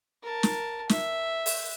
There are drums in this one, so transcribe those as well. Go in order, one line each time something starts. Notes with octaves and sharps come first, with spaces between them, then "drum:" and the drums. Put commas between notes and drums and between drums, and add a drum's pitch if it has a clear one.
A#4 A5
drum: snare
E5, drum: snare
drum: open hi-hat